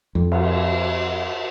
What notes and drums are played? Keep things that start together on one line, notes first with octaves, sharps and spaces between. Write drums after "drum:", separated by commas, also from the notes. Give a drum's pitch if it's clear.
F2
drum: cymbal